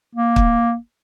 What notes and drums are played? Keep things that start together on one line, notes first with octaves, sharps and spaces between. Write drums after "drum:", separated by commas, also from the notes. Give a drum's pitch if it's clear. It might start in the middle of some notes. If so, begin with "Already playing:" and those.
A#3
drum: kick